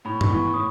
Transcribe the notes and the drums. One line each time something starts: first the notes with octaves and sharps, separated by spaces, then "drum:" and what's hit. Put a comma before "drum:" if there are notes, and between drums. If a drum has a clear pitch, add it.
A2 B5
C#6
B5, drum: tom G2
E3 B3
C#6
A2 D#6